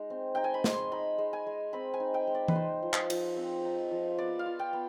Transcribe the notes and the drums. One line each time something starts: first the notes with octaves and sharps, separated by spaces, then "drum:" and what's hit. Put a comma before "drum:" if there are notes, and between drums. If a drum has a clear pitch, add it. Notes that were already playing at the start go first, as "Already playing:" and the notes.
Already playing: G#3 D#4
C4
D#4 G5
G#5
B5
G#3 C6, drum: snare
D#4 B5
G#3
G#5
G#3
C4 B5
G#5
D#4
G5
G#3
D5
B4, drum: tom E3
D#4 C5
F3
drum: clap
F3, drum: cymbal
C4
D#4
F3
B3 D5
F5
F4
G5
B3